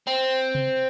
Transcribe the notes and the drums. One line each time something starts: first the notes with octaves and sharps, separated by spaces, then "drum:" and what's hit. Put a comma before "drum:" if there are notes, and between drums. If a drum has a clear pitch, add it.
C4
drum: tom C3